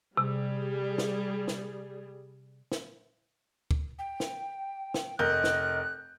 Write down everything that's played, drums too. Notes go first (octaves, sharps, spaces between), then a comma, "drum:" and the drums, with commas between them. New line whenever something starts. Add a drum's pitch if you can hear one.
C3 G3 G#4
drum: snare
drum: snare
drum: snare
drum: kick
G5
drum: snare
drum: snare
F1 A#4 D#5 F#6 G6
drum: snare